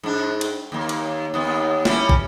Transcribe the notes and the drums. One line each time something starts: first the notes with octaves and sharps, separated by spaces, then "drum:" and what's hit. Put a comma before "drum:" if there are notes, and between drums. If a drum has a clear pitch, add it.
G#2 D4
drum: cymbal
D#2 A#3
drum: cymbal
D#2 B3
G3 C#4 E4, drum: snare
drum: kick